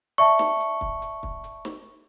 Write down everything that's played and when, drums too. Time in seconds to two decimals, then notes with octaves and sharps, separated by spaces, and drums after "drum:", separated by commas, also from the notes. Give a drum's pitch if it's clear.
0.18 D5 E5 A5 C#6, drum: hi-hat
0.39 drum: snare
0.60 drum: hi-hat
0.81 drum: kick
1.02 drum: hi-hat
1.23 drum: kick
1.44 drum: hi-hat
1.65 drum: snare